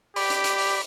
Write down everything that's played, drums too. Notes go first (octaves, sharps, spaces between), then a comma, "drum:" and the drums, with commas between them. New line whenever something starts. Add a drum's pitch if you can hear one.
G4 D5 B5, drum: open hi-hat
drum: hi-hat
drum: hi-hat
drum: open hi-hat